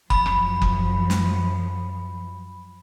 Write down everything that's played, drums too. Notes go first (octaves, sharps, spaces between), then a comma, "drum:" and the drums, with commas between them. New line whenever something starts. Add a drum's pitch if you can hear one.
F#2 F3 B5, drum: kick F#1
drum: rim click
drum: kick F#1
drum: snare